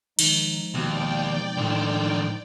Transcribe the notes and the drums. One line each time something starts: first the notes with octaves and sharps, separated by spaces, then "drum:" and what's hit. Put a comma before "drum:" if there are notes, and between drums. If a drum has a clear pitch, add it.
D#3 F3 G#3 D#4, drum: cymbal
D#2 B2 D5 G5
A2 D3 D#3